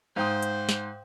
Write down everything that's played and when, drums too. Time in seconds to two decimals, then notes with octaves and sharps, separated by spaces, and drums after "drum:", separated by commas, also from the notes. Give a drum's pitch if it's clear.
0.16 G#2 C5 F5 G5 D#6
0.43 drum: hi-hat
0.69 drum: snare